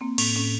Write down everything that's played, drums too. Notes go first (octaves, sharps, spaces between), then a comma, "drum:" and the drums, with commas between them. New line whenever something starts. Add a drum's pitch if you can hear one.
A#3 C4
A2, drum: cymbal
A2 C#4